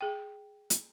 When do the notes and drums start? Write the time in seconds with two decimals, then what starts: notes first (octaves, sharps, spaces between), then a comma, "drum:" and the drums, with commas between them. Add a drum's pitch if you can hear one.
0.01 G#4 G5
0.70 drum: hi-hat